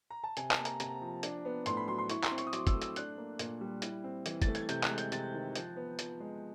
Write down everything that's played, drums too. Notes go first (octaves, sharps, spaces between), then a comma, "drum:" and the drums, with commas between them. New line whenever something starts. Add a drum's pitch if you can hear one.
A#5
A5
C3 G#5, drum: hi-hat
A5, drum: clap
A#3
A#5, drum: hi-hat
C3 A#5, drum: hi-hat
F3
D4, drum: hi-hat
B3
A2 C6, drum: hi-hat
B5
F#3 C6
C6
E4 C#6, drum: hi-hat
C6, drum: clap
C4
C#6, drum: hi-hat
D#6
F#3 D6, drum: hi-hat
E6, drum: kick, hi-hat
A3
E6, drum: hi-hat
D4 F#6, drum: hi-hat
A#3
A#2, drum: hi-hat
G3
E4, drum: hi-hat
C4
E3, drum: hi-hat
A6, drum: kick, hi-hat
A3
G#6, drum: hi-hat
C3 G6, drum: hi-hat
F#6, drum: clap
G#3
G6, drum: hi-hat
C3 A6, drum: hi-hat
D#3
F3, drum: hi-hat
B3
F3, drum: hi-hat
G#3